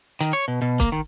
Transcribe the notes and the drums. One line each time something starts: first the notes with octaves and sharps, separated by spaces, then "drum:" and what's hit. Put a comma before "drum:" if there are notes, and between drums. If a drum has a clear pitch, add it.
D#3, drum: hi-hat
C#5
B2
B2
A#3, drum: kick, hi-hat
D#3